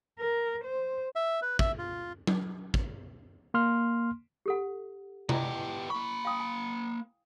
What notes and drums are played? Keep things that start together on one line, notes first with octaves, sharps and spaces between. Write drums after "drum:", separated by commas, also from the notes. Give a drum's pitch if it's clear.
A#4
C5
E5
B4
E5, drum: kick
F4
drum: tom F#3
drum: kick
A#3 C6 F6
G4 A4 F#5
B3 E4 G4 D5 D#5, drum: tom C3
A#3 B5 C#6
F5 G5 D#6
G#5